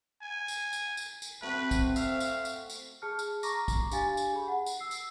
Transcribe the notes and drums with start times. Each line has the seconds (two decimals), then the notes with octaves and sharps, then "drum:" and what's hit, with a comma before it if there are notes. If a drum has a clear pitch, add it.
0.22 G#5
0.48 drum: tambourine
0.73 drum: tambourine
0.97 drum: tambourine
1.22 drum: tambourine
1.42 A3 C4 F#4 B4 F#5
1.71 drum: kick, tambourine
1.96 E5 F5, drum: tambourine
2.20 drum: tambourine
2.45 drum: tambourine
2.70 drum: tambourine
3.02 G#4 A5 F6
3.19 drum: tambourine
3.43 A#5 C#6 D6 A#6, drum: tambourine
3.68 drum: kick, tambourine
3.92 D4 G4 F5 G#5 A6, drum: tambourine
4.17 drum: tambourine
4.33 G#4 B5
4.48 F#5
4.66 drum: tambourine
4.80 E6 C7
4.91 drum: tambourine